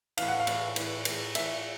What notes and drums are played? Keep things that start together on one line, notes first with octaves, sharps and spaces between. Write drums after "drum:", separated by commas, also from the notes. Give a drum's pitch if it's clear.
A2 E3 F5, drum: cymbal
F#5
F5
A2 E3, drum: cymbal
A2 E3, drum: cymbal
A2 E3, drum: cymbal
A2 E3 E5, drum: cymbal